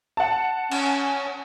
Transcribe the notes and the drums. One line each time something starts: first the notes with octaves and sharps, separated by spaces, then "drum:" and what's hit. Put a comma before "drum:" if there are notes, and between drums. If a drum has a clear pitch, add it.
F#5 A5
C#4, drum: cymbal